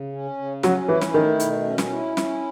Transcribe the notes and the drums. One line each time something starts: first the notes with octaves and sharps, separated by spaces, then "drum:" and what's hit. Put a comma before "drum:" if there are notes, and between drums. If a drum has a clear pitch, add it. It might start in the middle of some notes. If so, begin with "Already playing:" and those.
Already playing: C#3
C#4
C#3
F#3 C#4, drum: snare
E3 E4
drum: snare
D#3 A3
B2, drum: hi-hat
C#4
drum: snare
E4
C#4, drum: snare